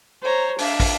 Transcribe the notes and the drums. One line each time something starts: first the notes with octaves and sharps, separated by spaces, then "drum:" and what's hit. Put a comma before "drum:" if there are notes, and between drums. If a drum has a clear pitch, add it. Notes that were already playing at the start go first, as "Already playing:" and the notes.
C5 C#5 A#5
D4 E5 F5, drum: open hi-hat
drum: kick, open hi-hat